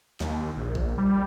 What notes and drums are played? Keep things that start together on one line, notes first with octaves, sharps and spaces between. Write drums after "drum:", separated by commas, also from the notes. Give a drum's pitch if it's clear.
D#2, drum: snare
A#1
drum: kick A#1
G3